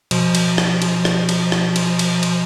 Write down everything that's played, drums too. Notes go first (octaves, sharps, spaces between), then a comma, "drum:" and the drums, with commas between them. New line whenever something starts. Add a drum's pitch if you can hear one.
B2 F3, drum: cymbal
drum: cymbal
drum: rim click
drum: cymbal
drum: rim click
drum: cymbal
drum: rim click
drum: cymbal
drum: cymbal
drum: cymbal